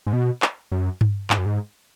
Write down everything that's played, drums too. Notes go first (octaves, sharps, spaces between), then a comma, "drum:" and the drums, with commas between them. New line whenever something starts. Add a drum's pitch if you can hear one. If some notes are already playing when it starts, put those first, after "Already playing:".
G#2
B2
drum: clap
F#2
drum: tom G2
G#2, drum: clap
F#2
G#2